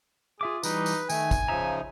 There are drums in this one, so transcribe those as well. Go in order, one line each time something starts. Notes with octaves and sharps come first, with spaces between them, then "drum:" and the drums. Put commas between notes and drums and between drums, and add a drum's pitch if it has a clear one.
F4 G#4 E5 D6
E3 G3 D#4 B4, drum: tambourine
drum: tambourine
D#3 A3 G#5, drum: tambourine
drum: kick, tambourine
C#3 F3 D#4 E5 A#5